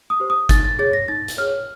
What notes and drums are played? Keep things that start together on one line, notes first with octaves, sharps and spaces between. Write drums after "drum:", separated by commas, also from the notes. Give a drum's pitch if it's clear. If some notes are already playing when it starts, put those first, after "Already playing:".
D#6
G4 C5
D#6
D#4 A6, drum: kick G1, hi-hat
A6
G#4 C#5 A6
A#6
D#4 A6
drum: hi-hat
G#4 C#5 F6